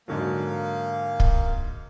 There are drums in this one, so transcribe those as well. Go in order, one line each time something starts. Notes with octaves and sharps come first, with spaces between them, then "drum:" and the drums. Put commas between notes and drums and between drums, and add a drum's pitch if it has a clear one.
G#2 D3 F#3 A#3 F5
drum: kick